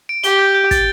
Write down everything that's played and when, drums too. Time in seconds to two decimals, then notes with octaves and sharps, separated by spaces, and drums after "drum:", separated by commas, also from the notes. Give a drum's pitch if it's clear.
0.09 D7
0.24 G4 G7, drum: hi-hat
0.39 G6
0.55 G6
0.71 A6, drum: kick, hi-hat